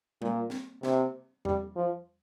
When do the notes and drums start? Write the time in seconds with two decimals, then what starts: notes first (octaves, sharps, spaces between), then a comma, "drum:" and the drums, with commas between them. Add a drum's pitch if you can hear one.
0.22 A#2, drum: tom G3
0.50 drum: snare
0.83 C3, drum: snare
1.45 G3, drum: tom E2
1.76 F3